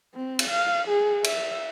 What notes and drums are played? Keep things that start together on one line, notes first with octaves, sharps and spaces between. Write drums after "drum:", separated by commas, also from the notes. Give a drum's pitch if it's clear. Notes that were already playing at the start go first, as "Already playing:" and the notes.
C4
drum: cymbal
F5
G#4
E5, drum: cymbal